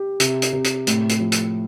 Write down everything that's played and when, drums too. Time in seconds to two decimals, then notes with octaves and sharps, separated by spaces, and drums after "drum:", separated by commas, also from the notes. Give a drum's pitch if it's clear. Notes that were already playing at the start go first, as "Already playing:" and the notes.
Already playing: G4
0.20 C3, drum: hi-hat
0.42 drum: hi-hat
0.53 C3
0.64 drum: hi-hat
0.87 A2, drum: hi-hat
1.09 drum: hi-hat
1.20 F3
1.32 drum: hi-hat